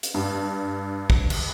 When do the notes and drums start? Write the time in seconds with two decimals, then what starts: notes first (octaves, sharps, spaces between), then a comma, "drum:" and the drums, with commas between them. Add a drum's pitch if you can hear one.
0.03 drum: hi-hat
0.14 G2
1.10 drum: kick
1.30 drum: cymbal